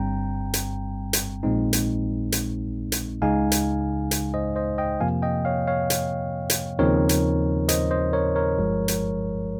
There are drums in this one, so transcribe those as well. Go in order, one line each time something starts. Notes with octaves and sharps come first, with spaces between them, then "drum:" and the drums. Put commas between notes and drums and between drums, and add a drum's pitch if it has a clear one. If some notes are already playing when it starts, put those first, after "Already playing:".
Already playing: G1 G2 G3 C4 G5 A#5
drum: hi-hat
drum: hi-hat
A#1 A#2 G#3 C4 D#4
drum: hi-hat
drum: hi-hat
drum: hi-hat
C#2 C#3 G#3 D#4 F5 G#5
drum: hi-hat
drum: hi-hat
C5 D#5
C5 D#5
D#5 G5
F2 C3 F3 A#3 F5 G#5
D#5 G5
C#5 F5
C#5 F5
drum: hi-hat
drum: hi-hat
D#2 C#3 F3 C4 D#4 A#4 C#5
drum: hi-hat
C5 D#5, drum: hi-hat
C5 D#5
A#4 C#5
A#4 C#5
G1 G2 F3 G#3
drum: hi-hat